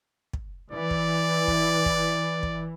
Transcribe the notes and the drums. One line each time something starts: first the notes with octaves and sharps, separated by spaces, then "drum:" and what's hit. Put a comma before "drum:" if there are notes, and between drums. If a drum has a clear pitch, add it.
drum: kick
E3 D5
drum: kick
drum: kick
drum: kick
drum: kick